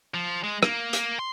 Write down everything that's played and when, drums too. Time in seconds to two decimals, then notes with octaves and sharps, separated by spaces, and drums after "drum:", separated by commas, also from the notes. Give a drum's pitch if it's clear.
0.14 F3
0.44 G#3
0.63 A#3, drum: rim click
0.93 drum: hi-hat
1.19 C6